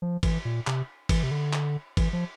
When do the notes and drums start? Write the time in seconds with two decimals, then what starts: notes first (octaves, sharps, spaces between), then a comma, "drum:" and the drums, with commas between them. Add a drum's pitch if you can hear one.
0.02 F3
0.23 E3, drum: kick G#1, cymbal
0.45 A#2
0.67 C3, drum: clap
1.09 E3, drum: kick G#1, cymbal
1.23 C3
1.31 D3
1.53 drum: clap
1.97 E3, drum: kick G#1, cymbal
2.13 F3